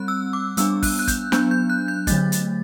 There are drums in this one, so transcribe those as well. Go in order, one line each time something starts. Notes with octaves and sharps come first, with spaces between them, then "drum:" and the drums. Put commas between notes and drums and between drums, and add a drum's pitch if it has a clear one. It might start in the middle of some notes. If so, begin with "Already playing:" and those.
Already playing: G3 C4 F#6
E6
D6
G3 B3 D4 E6, drum: hi-hat
F#6, drum: kick, open hi-hat
F#6
G6, drum: kick, hi-hat
F#3 B3 D4 G6, drum: snare
G6
F#6
G6
D3 F#3 A3 A6, drum: kick, hi-hat
drum: hi-hat